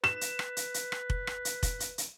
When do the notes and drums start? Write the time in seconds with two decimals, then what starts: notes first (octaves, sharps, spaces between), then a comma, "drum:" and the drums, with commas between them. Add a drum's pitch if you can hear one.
0.04 B4 E7, drum: rim click
0.21 drum: hi-hat
0.39 drum: rim click
0.57 drum: hi-hat
0.74 drum: hi-hat
0.92 drum: rim click
1.10 drum: kick F1
1.27 drum: rim click
1.45 drum: hi-hat
1.63 drum: kick F1, hi-hat
1.80 drum: hi-hat
1.98 drum: hi-hat